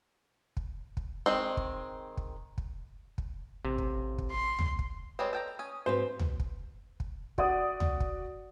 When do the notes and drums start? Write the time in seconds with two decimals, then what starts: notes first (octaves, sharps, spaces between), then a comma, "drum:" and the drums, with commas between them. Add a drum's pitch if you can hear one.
0.57 drum: kick
0.97 drum: kick
1.26 D#3 G#3 C4
1.57 drum: kick
2.17 drum: kick
2.58 drum: kick
3.18 drum: kick
3.65 A1 C3
3.78 drum: kick
4.18 drum: kick
4.31 C6
4.59 drum: tom
4.79 drum: kick
5.19 G3 G#3 C4 B4 C#5 D#5
5.33 A4 G5 A#5
5.59 C#4 D#6
5.86 G#2 C4 F#4 B4 C5
6.19 drum: tom
6.40 drum: kick
7.00 drum: kick
7.38 F#4 D5 F#5 D#6, drum: kick
7.80 drum: tom
8.00 drum: kick